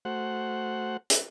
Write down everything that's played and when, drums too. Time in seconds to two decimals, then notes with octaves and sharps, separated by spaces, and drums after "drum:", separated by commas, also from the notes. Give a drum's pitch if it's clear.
0.05 A3 F#4 C5 F#5
1.10 drum: hi-hat